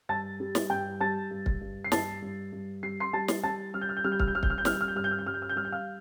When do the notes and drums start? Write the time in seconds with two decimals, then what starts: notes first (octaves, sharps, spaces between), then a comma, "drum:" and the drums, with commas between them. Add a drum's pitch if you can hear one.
0.09 G2 A5 A6
0.40 G3
0.55 drum: snare
0.70 G2 G5 G6
1.00 G3 A5 A6
1.31 G2
1.46 drum: kick
1.61 G2
1.85 C7
1.92 G2 A5 A6, drum: snare
2.22 G2
2.52 G2
2.83 G3 C7
3.00 C6 C7
3.13 G3 A5 A6
3.28 drum: snare
3.44 G3 A5 A6
3.74 G3 F6
3.81 G6
3.89 F6
3.97 G6
4.04 G3 F6
4.12 G6
4.20 F6, drum: kick
4.28 G6
4.35 G3 F6
4.43 G6, drum: kick
4.50 F6
4.58 G6
4.65 G3 F6, drum: snare
4.73 G6
4.81 F6
4.88 G6
4.95 G2 F6
5.04 G6
5.11 F6
5.19 G6
5.26 G3 F6
5.34 G6
5.42 F6
5.49 G6
5.56 G3 F6
5.65 G6
5.72 F5 F6